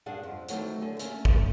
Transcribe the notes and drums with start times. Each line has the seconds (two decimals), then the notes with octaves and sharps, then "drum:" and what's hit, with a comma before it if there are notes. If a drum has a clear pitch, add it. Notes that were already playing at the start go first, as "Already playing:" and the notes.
0.06 G2 G3 D4 G#4 F5 F#5
0.23 F2
0.49 D#3 E3 F#3 A3 C4, drum: hi-hat
0.82 D3 G#4 A4
0.99 A3 A#3 C#4, drum: hi-hat
1.25 drum: kick